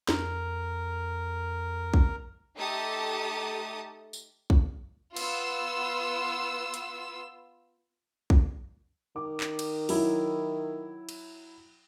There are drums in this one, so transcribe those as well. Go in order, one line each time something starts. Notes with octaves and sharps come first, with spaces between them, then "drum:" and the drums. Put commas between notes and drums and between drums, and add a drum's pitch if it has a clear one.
F2 A#4, drum: snare
drum: kick
A3 D#4 G4 A4 A5 D#6
drum: tambourine
drum: kick
B3 F4 E6, drum: cymbal
drum: hi-hat
drum: kick
D#3 D6
drum: clap
drum: cymbal
F#3 E4, drum: open hi-hat
drum: cymbal